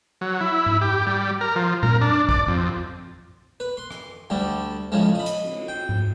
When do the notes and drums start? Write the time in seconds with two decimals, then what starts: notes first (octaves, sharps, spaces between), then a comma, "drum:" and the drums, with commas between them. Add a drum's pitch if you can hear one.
0.21 F#3
0.41 E4
0.66 drum: tom G#2
0.81 G4
1.07 G3
1.41 A#4
1.56 F3
1.83 A#4, drum: tom A#2
2.01 D4
2.29 D5, drum: kick A1
2.48 F2
3.60 B4
3.77 C6
3.91 drum: rim click
4.30 D2 D3 G3
4.92 A2 C#3 F3 G#3
5.15 D#5 B5
5.26 drum: hi-hat
5.43 drum: cymbal
5.68 G5
5.89 drum: tom G#2